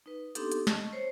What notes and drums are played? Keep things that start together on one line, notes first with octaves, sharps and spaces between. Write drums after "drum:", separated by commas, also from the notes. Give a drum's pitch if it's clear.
D#4 B4
B3 C4 D4 D#4 G4 A4, drum: hi-hat
drum: hi-hat
C#4 D#5 A5 C#6, drum: snare
C5 C#5